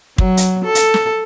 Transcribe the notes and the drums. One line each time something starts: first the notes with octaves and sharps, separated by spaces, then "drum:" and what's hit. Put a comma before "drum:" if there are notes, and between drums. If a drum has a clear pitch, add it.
F#3, drum: kick
drum: hi-hat
A4
drum: hi-hat
drum: snare